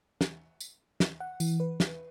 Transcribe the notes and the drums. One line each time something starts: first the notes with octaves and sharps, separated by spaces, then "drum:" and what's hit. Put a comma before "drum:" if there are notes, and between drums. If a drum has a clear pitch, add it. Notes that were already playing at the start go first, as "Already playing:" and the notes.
drum: snare
drum: tambourine
drum: snare
F#5
E3, drum: tambourine
B4
drum: snare